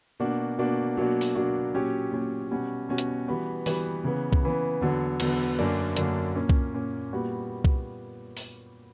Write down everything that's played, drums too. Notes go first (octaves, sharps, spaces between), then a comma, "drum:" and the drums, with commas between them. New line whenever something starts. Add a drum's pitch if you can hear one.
B2 A#3 D4 F#4
B2 A#3 D4 F#4
B2 F#3 A#3 D4 F#4
drum: open hi-hat
B2 F#3 A#3 D4 F#4
A#2 F#3 C#4 G4
A#2 F#3 C#4 G4
B2 G3 C#4 F#4
B2 G3 C#4 F#4
drum: hi-hat
E3 G3 B3 F#4
E3 G3 B3 F#4, drum: open hi-hat
C#3 E3 B3
drum: kick C2
C#3 E3 B3
E2 D3 F#3 B3
E2 D3 F#3 B3, drum: cymbal
F#2 D3 A#3 D4
F#2 D3 A#3 D4, drum: hi-hat
A#2 A#3 C#4
drum: kick C2
A#2 A#3 C#4
A#2 G3 B3 F#4
drum: kick C2
drum: open hi-hat